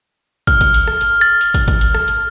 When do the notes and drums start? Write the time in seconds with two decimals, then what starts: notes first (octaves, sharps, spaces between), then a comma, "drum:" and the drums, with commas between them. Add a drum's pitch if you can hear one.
0.47 F6, drum: kick, hi-hat
0.61 drum: kick, hi-hat
0.74 drum: hi-hat
0.87 drum: rim click
1.01 drum: hi-hat
1.21 A6
1.41 drum: hi-hat
1.54 drum: kick, hi-hat
1.68 drum: kick, hi-hat
1.81 drum: hi-hat
1.94 drum: rim click
2.08 drum: hi-hat